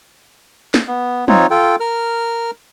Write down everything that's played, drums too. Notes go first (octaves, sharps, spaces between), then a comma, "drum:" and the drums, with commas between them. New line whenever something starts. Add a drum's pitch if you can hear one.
drum: snare
B3
C4 D#4 F4 C#5, drum: tom
F4 A4 G5
A#4 F6